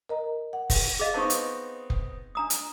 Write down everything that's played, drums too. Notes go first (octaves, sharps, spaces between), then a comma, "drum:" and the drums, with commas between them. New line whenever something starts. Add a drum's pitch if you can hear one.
A#4 D#5 A#5
F#5
drum: kick F1, open hi-hat
G#4 D#5 F5
B3 C4 D#4 A5 C#6
drum: hi-hat
drum: kick F1
D4 A#5 D#6
drum: hi-hat